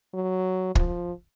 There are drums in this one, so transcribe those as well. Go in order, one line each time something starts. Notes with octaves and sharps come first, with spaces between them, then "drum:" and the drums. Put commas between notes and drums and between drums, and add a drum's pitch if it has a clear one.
F#3
F3, drum: kick